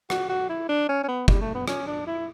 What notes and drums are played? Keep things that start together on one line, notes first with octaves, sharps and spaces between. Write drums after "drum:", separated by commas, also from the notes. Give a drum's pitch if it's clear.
F#4, drum: rim click
F#4
E4
D4
C#4
C#4
B3
G3, drum: kick
A3
B3
C#4, drum: rim click
D4
E4